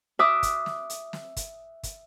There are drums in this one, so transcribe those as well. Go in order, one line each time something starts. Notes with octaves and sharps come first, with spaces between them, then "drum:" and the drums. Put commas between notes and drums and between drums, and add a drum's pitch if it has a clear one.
E5 D6 D#6 F#6
drum: kick, hi-hat
drum: snare
drum: hi-hat
drum: snare
drum: kick, hi-hat
drum: kick, hi-hat